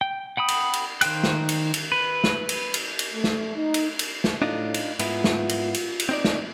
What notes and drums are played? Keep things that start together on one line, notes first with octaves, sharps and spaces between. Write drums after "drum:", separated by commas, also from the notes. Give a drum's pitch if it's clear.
G5
F#5 G5 B5 D#6
drum: cymbal
drum: cymbal
D#3 C5 F5 G5 F#6, drum: cymbal
drum: snare
drum: cymbal
drum: cymbal
B4
drum: snare
drum: cymbal
drum: cymbal
drum: cymbal
A3
drum: snare
D#4
drum: cymbal
drum: cymbal
drum: snare
A2 D4 D#4 F4
drum: cymbal
G#2 B3 E4 F4, drum: cymbal
drum: snare
drum: cymbal
drum: cymbal
drum: cymbal
C4 D#4 D5
drum: snare